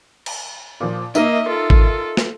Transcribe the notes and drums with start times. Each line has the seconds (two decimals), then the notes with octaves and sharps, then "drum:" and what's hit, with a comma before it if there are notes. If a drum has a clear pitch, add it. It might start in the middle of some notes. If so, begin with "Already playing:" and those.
0.26 drum: cymbal
0.80 A#2 F3
1.15 A#3 D#4 A#4 D#5 E5, drum: tambourine
1.49 F4 A4
1.70 drum: kick G#1
2.17 drum: snare